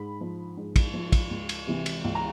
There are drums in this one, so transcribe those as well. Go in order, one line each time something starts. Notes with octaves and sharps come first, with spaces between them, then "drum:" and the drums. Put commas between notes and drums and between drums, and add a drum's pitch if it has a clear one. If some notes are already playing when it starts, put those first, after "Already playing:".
Already playing: G#2 B5
F3
G#2
drum: kick, cymbal
F3
drum: kick, cymbal
C#2
drum: cymbal
C3 E3
drum: cymbal
C#2
A#5